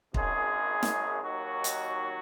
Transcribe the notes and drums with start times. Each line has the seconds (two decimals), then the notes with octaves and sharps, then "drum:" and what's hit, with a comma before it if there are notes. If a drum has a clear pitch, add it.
0.14 G#1 F#2 C#3 G#3 G#4, drum: kick
0.83 drum: snare
1.23 D#2 D#3 F#3 F#4
1.64 drum: hi-hat